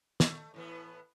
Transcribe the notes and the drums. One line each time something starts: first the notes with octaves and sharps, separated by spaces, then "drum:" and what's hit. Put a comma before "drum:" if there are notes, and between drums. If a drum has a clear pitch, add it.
A3, drum: snare
A2 E3 B3